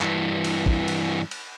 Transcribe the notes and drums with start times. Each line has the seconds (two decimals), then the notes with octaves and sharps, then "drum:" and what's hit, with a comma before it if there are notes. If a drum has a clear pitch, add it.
0.01 G2 E3, drum: clap
0.45 drum: cymbal
0.66 drum: kick
0.88 drum: cymbal
1.31 drum: cymbal